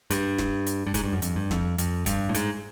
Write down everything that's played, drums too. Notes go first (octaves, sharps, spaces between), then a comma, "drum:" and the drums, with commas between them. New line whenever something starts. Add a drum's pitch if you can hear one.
G2, drum: hi-hat
drum: snare
drum: hi-hat
G2
G#2, drum: kick, hi-hat
G2
F#2
F2, drum: hi-hat
G2
F2, drum: snare
F2, drum: hi-hat
G2, drum: kick, hi-hat
A2
G#2, drum: hi-hat